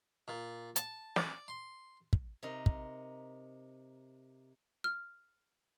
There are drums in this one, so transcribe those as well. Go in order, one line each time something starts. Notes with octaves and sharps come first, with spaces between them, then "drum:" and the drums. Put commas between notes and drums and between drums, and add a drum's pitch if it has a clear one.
A#2
A5, drum: hi-hat
D5, drum: snare
C6
drum: kick
C3 D#4 A#4
drum: kick
F6